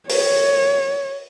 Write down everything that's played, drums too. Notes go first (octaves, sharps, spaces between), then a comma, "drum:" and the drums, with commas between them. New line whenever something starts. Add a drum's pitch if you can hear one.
C#5, drum: open hi-hat